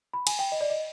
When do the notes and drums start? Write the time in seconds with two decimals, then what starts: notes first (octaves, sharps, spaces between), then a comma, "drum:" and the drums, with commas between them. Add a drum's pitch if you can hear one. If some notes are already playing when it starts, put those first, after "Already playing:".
0.13 B5
0.27 G#5, drum: cymbal
0.39 G5
0.52 D#5
0.61 D5
0.70 D#5